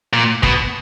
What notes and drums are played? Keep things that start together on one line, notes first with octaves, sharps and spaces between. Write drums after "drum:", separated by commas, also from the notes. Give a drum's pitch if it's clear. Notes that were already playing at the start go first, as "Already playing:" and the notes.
A#2
B2, drum: kick